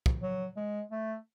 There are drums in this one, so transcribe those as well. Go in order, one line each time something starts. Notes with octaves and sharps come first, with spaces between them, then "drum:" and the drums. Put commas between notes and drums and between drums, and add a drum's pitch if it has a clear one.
drum: kick
F#3
G#3
A3